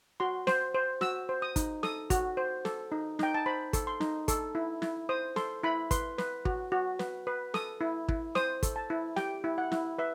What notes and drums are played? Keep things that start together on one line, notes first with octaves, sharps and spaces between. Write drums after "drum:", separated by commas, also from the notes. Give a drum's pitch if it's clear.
F#4 C6
C5, drum: snare
C5
F#4 E6, drum: snare
C5
D#6
D#4, drum: kick, hi-hat
A4 D#6, drum: snare
F#4, drum: kick, hi-hat
C5
A4, drum: snare
D#4
D#4 G5, drum: snare
A5
C5 B5
A4, drum: kick, hi-hat
C6
D#4, drum: snare
A4, drum: kick, hi-hat
E4
E4, drum: snare
C5 D#6
A4 C6, drum: snare
E4 B5
B4 C6, drum: kick, hi-hat
B4, drum: snare
F#4, drum: kick
F#4
B4, drum: snare
B4
A4 D#6, drum: snare
E4
E4, drum: kick
C5 D#6, drum: snare
A4, drum: kick, hi-hat
A5
E4
G4 G5, drum: snare
E4
F#5
E4, drum: snare
B4 E5